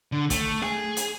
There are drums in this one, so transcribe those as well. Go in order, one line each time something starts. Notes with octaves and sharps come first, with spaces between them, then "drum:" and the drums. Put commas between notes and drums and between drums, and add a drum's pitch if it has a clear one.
D3
A3, drum: kick, hi-hat
G#4, drum: rim click
drum: hi-hat